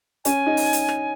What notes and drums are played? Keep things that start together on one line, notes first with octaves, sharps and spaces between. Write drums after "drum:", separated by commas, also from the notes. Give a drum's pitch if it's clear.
C#4 G#5, drum: hi-hat
D#4
drum: open hi-hat
drum: hi-hat
drum: rim click